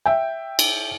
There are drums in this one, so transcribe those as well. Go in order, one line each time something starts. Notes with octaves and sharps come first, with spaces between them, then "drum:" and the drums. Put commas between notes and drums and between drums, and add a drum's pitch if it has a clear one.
E5 G5
drum: cymbal